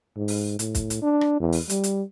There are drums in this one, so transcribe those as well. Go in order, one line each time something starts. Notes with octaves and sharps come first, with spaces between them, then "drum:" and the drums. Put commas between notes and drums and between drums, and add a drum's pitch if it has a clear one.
G#2
drum: open hi-hat
A2, drum: hi-hat
drum: kick, hi-hat
drum: hi-hat
D4
drum: rim click
E2
drum: open hi-hat
G3, drum: hi-hat
drum: hi-hat